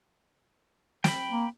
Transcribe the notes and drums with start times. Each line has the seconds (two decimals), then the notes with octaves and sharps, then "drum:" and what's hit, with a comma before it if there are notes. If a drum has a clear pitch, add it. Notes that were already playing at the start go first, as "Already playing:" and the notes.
1.04 G5 B5, drum: snare
1.31 A#3